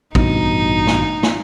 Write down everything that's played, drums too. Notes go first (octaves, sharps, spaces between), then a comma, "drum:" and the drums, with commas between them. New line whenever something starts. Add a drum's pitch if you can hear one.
A1 G2 B2 D#4, drum: kick
drum: snare
drum: snare